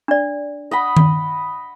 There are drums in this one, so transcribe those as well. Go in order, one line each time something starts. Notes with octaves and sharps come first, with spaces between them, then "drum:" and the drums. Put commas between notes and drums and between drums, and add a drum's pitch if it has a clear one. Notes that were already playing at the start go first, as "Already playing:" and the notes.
D4 D5
D#5 F#5 B5
drum: tom D#3